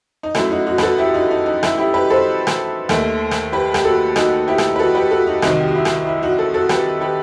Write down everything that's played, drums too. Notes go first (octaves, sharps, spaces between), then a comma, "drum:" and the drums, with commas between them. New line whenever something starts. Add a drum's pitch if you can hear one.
D#4
F#2 F#3 A3 E4, drum: rim click
D#4 F#4
D#4 F#4
B4, drum: rim click
F#4 A4
E4 G4
D#4 F#4
D#4
D#4
E4, drum: rim click
E4 G4
G4 B4
A4 C5
drum: rim click
D#2 D#3 A3, drum: rim click
drum: rim click
G4 B4
G4, drum: rim click
F#4 A4
D#4 F#4, drum: rim click
E4 G4
drum: rim click
B4
F#4 A4
G4 B4
F#4 A4
D#4 F#4
C2 C3 D#3 D#4 F#4, drum: rim click
G4
F#4
E4
drum: rim click
E4
D#4 F#4
F#4 A4
F#4 A4
G4 B4, drum: rim click
G4 B4